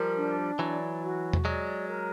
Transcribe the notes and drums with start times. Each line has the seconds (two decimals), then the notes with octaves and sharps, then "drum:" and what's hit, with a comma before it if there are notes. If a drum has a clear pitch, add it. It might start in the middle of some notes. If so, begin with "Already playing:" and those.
Already playing: F3 G3 A#4
0.16 D4
0.59 E3 F#3 D5
1.02 F#4
1.33 drum: tom E2
1.45 F#3 G#3 D5
1.88 A#4